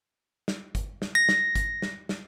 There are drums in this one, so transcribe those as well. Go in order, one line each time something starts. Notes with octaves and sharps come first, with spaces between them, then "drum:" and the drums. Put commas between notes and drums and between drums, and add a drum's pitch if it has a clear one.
drum: snare
drum: kick, hi-hat
drum: snare
A#6
drum: snare
drum: kick, hi-hat
drum: snare
drum: snare